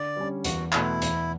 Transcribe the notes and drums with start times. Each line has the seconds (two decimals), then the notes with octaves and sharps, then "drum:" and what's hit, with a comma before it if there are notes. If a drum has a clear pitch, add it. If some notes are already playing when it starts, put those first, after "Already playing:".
Already playing: D3 D5
0.16 G3 C#4
0.44 E2 F#4, drum: hi-hat
0.73 B2 A3 E4, drum: clap
1.02 E2, drum: hi-hat